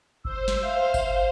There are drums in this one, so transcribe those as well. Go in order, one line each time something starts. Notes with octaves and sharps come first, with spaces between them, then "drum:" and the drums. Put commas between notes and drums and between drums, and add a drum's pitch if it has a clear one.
C5 E6, drum: kick G1
drum: snare
E5 F5
drum: kick G1, tambourine